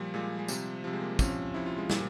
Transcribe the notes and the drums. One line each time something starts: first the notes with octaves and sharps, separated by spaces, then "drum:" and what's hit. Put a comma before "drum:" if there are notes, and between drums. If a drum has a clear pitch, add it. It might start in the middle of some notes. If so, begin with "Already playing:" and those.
Already playing: A#2 F3 G3
A#2 F3 G#3
G#3
C3 F3 G3, drum: tambourine
C3 F3 G3
G#3
A#3
C3 F3 C#4, drum: kick, tambourine
C3 F3 E4
F4
G#3
A#2 F3 G3, drum: snare